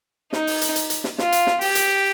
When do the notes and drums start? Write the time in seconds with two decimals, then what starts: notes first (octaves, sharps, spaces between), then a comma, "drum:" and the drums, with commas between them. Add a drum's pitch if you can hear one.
0.33 D#4, drum: snare
0.47 drum: open hi-hat
0.61 drum: hi-hat
0.76 drum: hi-hat
0.90 drum: hi-hat
1.04 drum: snare
1.18 F4, drum: snare
1.32 drum: hi-hat
1.47 drum: snare
1.61 G4, drum: open hi-hat
1.75 drum: hi-hat